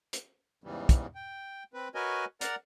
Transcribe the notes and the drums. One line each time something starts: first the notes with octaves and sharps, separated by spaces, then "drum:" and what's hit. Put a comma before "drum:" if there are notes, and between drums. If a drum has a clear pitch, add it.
drum: hi-hat
E2 G#2 C#3 E3 G3
drum: kick, hi-hat
G5
C4 B4
F#4 A#4 B4 C#5 D#5 G#5
A#4 D5 F#5 A#5, drum: hi-hat